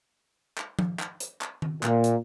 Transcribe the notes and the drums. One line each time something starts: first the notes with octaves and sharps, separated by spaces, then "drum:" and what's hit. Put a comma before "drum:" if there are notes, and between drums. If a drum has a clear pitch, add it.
drum: clap
drum: tom F3
drum: clap
drum: hi-hat
drum: clap
drum: tom D#3
A#2, drum: clap
drum: hi-hat